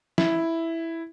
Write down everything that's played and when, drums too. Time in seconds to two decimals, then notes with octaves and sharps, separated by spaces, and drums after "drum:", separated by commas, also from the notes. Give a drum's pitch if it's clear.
0.18 E4, drum: snare